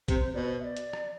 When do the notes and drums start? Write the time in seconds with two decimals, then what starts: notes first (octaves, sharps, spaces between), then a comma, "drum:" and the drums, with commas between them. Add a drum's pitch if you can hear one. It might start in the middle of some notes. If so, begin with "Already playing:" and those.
0.08 C3 C5, drum: kick, hi-hat
0.34 B2 C5 D5
0.60 E5
0.64 D5
0.77 drum: hi-hat
0.93 drum: rim click